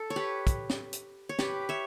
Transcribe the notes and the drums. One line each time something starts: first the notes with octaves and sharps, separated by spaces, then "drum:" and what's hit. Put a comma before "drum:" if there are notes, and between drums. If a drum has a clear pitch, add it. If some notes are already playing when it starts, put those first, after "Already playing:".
Already playing: A4
C#5
G4 B4
drum: kick, hi-hat
drum: snare
drum: hi-hat
C#5
G4 B4, drum: snare
C#5 E5